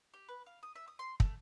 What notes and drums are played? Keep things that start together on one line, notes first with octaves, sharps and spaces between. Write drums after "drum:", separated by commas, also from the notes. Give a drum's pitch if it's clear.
G4
B4
F5
D#6
E5
D#6
C6
A3, drum: kick